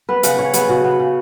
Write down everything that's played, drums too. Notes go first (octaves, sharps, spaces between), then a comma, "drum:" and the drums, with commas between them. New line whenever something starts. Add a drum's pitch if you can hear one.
B3 B4
C#3 F#5, drum: hi-hat
C#3 C#5
B3 G#4, drum: hi-hat
C#3 F#4
B3
C#3